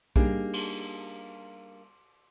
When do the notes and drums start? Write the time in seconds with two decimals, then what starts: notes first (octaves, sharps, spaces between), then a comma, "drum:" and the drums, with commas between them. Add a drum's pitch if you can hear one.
0.16 G3 A#3 D4 D#4 G4 G#4, drum: kick B1
0.53 drum: cymbal